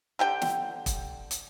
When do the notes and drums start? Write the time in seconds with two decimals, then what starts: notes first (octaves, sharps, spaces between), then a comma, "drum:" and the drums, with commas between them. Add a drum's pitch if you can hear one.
0.19 D3 G4 G5
0.42 drum: snare
0.86 drum: kick E1, hi-hat
1.31 drum: hi-hat